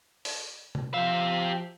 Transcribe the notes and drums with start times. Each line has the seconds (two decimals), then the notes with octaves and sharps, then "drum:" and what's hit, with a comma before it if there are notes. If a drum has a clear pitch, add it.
0.25 drum: open hi-hat
0.75 drum: tom C3
0.94 F3 G4 E5 F5